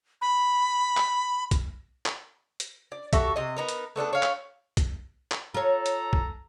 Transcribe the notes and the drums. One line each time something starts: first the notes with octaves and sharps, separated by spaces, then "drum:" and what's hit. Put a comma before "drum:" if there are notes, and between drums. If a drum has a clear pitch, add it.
B5
drum: clap
drum: kick, hi-hat
drum: clap
drum: hi-hat
D5
F#4 G4 A4 E5, drum: kick, hi-hat
C3 D#5
B3 D#4 A#4
drum: hi-hat
A3 B3 D4 A4
C#5 F5
drum: clap
drum: kick, hi-hat
drum: clap
F4 A4 C#5 A#5
drum: hi-hat
drum: kick